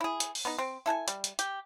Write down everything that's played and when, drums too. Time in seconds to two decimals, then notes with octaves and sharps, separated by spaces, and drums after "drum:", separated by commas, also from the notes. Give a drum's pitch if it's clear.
0.01 E4 G#4
0.20 drum: hi-hat
0.35 drum: open hi-hat
0.45 B3 D#4
0.58 C4
0.86 E4 A4 F#5 G#5
1.08 G3, drum: hi-hat
1.24 drum: hi-hat
1.39 G4, drum: hi-hat